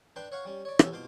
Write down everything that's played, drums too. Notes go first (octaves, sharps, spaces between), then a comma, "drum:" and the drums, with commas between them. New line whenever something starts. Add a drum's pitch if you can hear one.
D4 B4 G5 C6
C#5 F5 F#5 C#6
G3 C#4
C#5 D5
C3 E3 B3 C#4 G4 A4, drum: rim click
C2 B2 F4 C6 D6